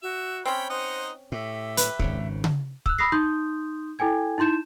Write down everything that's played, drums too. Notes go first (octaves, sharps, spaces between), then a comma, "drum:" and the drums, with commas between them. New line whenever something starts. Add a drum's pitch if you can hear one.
F#4 E5
C4 C#4 C#5 G5 B5
D#4 C5 D#5 F#5
A2 G4 E5
B4, drum: hi-hat
G#1 G#2 C#3, drum: kick
drum: tom C#3
E6 F#6, drum: kick
B5 D#6 E6 A#6 C7
D#4 C6 D#6 G6
E4 A4 G5 G#5 G#6
D#4 E4 C6 G6 E7